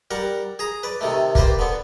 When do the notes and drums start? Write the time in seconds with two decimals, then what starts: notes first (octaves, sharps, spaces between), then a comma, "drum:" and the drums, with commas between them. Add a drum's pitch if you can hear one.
0.11 G3 A#4 F#5
0.59 G#4 A#5
0.83 B4 D5
1.01 C3 D#3 A3
1.35 A#3 G4 B4 C5 D5, drum: kick
1.59 D3 B3